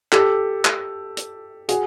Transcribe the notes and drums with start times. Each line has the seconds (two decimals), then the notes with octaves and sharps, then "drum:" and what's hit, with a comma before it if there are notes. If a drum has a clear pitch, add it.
0.12 G4 A4, drum: clap
0.65 drum: clap
1.17 drum: hi-hat
1.69 F#4 G#4, drum: hi-hat